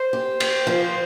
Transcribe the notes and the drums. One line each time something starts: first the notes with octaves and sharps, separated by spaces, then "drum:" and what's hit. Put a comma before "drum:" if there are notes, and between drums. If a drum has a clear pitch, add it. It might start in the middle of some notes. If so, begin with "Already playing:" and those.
Already playing: C5
G4
G4, drum: cymbal
F3